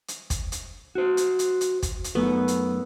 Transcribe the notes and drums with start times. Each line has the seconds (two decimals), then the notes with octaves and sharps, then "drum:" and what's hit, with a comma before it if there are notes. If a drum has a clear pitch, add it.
0.08 drum: hi-hat
0.30 drum: kick, hi-hat
0.52 drum: hi-hat
0.95 F#4 C5
1.17 drum: hi-hat
1.39 drum: hi-hat
1.61 drum: hi-hat
1.83 drum: kick, hi-hat
2.04 drum: hi-hat
2.15 F#2 A3 B3
2.48 drum: hi-hat